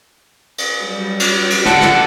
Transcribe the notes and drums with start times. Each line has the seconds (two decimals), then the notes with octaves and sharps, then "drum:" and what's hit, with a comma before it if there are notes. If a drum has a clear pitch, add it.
0.58 drum: cymbal
0.80 F#3 G3
1.20 drum: cymbal
1.50 drum: cymbal
1.66 D3 A4 F#5, drum: snare
1.81 drum: snare